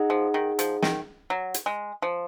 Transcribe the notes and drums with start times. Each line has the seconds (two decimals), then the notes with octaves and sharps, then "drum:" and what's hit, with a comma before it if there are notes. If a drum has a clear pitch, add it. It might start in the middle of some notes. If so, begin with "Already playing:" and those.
Already playing: D#4 G#4 D#5 F#5
0.10 F3
0.34 D#3
0.59 F3, drum: hi-hat
0.83 D#3, drum: snare
1.30 F#3
1.54 drum: hi-hat
1.66 G#3
2.02 F3